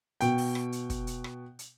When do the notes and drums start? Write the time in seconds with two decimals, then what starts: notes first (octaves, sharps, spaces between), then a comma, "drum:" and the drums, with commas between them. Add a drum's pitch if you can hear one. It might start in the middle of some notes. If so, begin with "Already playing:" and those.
0.21 B2 G5, drum: hi-hat
0.38 drum: open hi-hat
0.55 drum: rim click
0.72 drum: hi-hat
0.90 drum: kick, hi-hat
1.07 drum: hi-hat
1.24 drum: rim click
1.59 drum: hi-hat